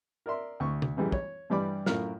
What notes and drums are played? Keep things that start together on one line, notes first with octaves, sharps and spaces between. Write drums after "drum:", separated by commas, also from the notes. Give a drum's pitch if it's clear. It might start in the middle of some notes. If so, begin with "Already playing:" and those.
A#4 D5 E5 C6
D2 C#6
drum: tom
F#2 E3 G3 G#3
C#5, drum: kick
G2 E3 G3 D5 B5 D6
F#2 A2 F4 A#4 F6, drum: snare